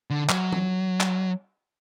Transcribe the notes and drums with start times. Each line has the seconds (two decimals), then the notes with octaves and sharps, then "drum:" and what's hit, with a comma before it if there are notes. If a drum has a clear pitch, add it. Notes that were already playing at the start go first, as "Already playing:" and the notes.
0.10 D3
0.29 F#3, drum: clap
0.53 drum: tom E3
1.00 drum: clap